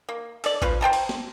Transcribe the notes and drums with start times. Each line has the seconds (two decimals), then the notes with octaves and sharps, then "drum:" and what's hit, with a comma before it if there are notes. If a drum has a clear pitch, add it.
0.09 A#3
0.44 A4 D5, drum: cymbal
0.62 F3 F4 B4 F5, drum: kick A1
0.81 C5 G5 A5 A#5
0.93 drum: cymbal
1.09 drum: snare